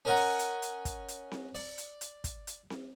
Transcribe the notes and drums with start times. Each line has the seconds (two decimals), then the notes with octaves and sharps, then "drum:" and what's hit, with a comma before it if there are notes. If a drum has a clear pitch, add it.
0.05 C#4 A#4 C#5 D#5 F#5 A#5
0.16 drum: open hi-hat
0.39 drum: hi-hat
0.62 drum: hi-hat
0.85 drum: kick, hi-hat
1.08 drum: hi-hat
1.31 drum: snare C4
1.55 D5, drum: open hi-hat
1.78 drum: hi-hat
2.01 drum: hi-hat
2.24 drum: kick, hi-hat
2.47 drum: hi-hat
2.70 drum: snare C4